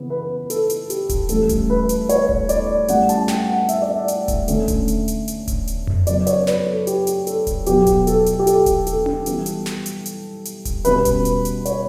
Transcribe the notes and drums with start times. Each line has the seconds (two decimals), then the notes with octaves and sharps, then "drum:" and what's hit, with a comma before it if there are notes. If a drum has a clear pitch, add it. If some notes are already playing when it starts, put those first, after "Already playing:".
Already playing: C#3 E3 B3
0.10 B4
0.50 A4, drum: hi-hat
0.70 drum: hi-hat
0.90 G4, drum: hi-hat
1.09 drum: kick D#1, hi-hat
1.29 A2 E3 G3 C#4 A4, drum: hi-hat
1.49 drum: kick D#1, hi-hat
1.70 B4
1.89 drum: hi-hat
2.09 C#5, drum: hi-hat
2.29 drum: kick D#1
2.49 D5, drum: hi-hat
2.88 A2 G3 C#4 F#5, drum: hi-hat
3.09 A5, drum: hi-hat
3.28 G5, drum: snare
3.49 F#5
3.69 E5, drum: hi-hat
3.82 D5
3.94 E5
4.08 drum: hi-hat
4.28 drum: kick D#1, hi-hat
4.48 D3 A3 C#4, drum: hi-hat
4.68 drum: kick D#1, hi-hat
4.88 drum: hi-hat
5.08 drum: hi-hat
5.28 drum: hi-hat
5.48 drum: kick D#1, hi-hat
5.67 drum: hi-hat
5.87 drum: tom F2
6.07 C#3 F#3 B3 D5, drum: hi-hat
6.27 C#5, drum: hi-hat
6.47 B4, drum: snare
6.66 A4
6.87 G4, drum: hi-hat
7.07 drum: hi-hat
7.27 A4, drum: hi-hat
7.47 drum: kick D#1, hi-hat
7.66 B2 F#3 B3 G4, drum: hi-hat
7.87 drum: kick D#1, hi-hat
8.07 A4, drum: hi-hat
8.26 drum: hi-hat
8.39 G4
8.47 A4, drum: hi-hat
8.66 drum: kick D#1, hi-hat
8.87 A4, drum: hi-hat
9.06 drum: tom C#4
9.26 E3 G3 B3, drum: hi-hat
9.46 drum: hi-hat
9.66 drum: snare
9.86 drum: hi-hat
10.06 drum: hi-hat
10.45 drum: hi-hat
10.65 drum: kick D#1, hi-hat
10.85 B2 G3 C#4 B4, drum: hi-hat
11.05 drum: kick D#1, hi-hat
11.25 drum: hi-hat
11.45 drum: hi-hat
11.65 C#5, drum: hi-hat